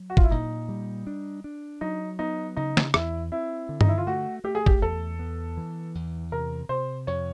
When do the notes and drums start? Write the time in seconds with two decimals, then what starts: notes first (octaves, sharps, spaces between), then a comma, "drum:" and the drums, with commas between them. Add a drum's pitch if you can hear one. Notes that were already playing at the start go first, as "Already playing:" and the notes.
Already playing: F#3
0.10 F#4
0.17 F4, drum: kick
0.24 E4
0.31 A#2 D#4
0.69 G3
1.07 D4
1.44 D4
1.81 F#3 D#4
2.19 B3 D#4
2.57 C#3 D#4
2.77 drum: snare
2.94 E2 E4, drum: rim click
3.32 C4 E4
3.69 D3
3.81 D#4, drum: tom G2
3.89 E4
3.98 F4
4.07 A3 F#4
4.44 A3 G4
4.55 G#4
4.66 G4, drum: kick
4.82 E2 A4
5.19 B3
5.57 E3
5.95 E2
6.32 C3 A#4
6.69 C3 C5
7.07 F2 C#5